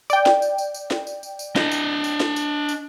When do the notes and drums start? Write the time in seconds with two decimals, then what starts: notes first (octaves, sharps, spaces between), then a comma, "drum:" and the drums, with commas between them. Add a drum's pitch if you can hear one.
0.10 D5 G5, drum: tambourine
0.26 drum: snare
0.42 drum: tambourine
0.58 drum: tambourine
0.74 drum: tambourine
0.91 drum: snare
1.07 drum: tambourine
1.23 drum: tambourine
1.39 drum: tambourine
1.56 D4 D#5, drum: snare
1.72 drum: tambourine
2.04 drum: tambourine
2.20 drum: snare
2.36 drum: tambourine
2.69 drum: tambourine